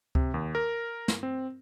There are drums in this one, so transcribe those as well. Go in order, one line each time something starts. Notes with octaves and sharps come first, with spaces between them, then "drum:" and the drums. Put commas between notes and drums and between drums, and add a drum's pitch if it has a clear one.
C3, drum: kick C#2
D#2
A#4
drum: snare
C4